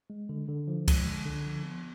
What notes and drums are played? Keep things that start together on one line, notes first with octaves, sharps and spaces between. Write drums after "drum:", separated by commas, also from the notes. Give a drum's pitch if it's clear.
G#3
D3
D3
F3
G#3, drum: kick C2, cymbal
D3
D3
F3
B3